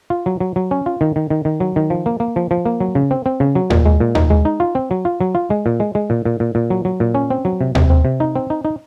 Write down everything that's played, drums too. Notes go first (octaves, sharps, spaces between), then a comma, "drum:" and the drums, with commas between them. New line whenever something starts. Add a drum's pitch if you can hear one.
F4
F#3
F#3
F#3
C#4
F4
D#3
D#3
D#3
D#3
F#3
D#3
F3
A#3
A#3
F3
F3
A#3
F#3
C#3
C4
C4
C#3
F#3
A#2, drum: tom D#2
G#3
A#2
D#4, drum: tom D#2
G#3
D#4
F4
C4
F#3
F4
F#3
F4
G#3
A#2
G#3
G#3
A#2
A#2
A#2
A#2
F#3
F#3
A#2
C#4
C4
F#3
C3
C3, drum: tom D#2
C4
C3
D#4
C4
D#4
D#4